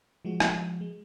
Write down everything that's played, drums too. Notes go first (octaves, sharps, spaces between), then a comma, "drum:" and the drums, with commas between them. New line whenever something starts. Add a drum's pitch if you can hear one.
F3 G#3 F#4
drum: rim click
G#3